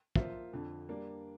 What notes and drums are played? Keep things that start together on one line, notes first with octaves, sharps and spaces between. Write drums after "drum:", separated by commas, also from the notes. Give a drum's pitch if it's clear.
F3 A#3 F4 C5 E5, drum: kick
F2 D3 F3
G3 A#3 D4